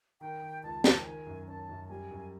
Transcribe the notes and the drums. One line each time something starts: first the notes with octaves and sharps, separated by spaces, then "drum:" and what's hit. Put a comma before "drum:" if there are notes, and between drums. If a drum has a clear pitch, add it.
D#3 G5
D#3
C#2 A5
D#3, drum: snare
G5
D#3 G#5
F#2
C#4 A5
F#2
A5
G3 G#5
F#2